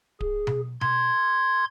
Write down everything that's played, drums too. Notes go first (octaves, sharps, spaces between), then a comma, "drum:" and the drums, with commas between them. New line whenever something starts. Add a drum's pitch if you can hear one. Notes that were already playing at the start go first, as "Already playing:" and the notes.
G#4, drum: kick D1
drum: tom B2
C6 G#6, drum: tom B2